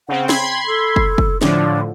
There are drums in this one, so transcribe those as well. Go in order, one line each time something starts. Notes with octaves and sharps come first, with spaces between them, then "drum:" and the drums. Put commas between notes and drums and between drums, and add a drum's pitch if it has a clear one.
C#3 C4 F#5
G5 B5 C6 G#6, drum: snare
A4
drum: kick
drum: kick
A2 D3 F3 D4, drum: snare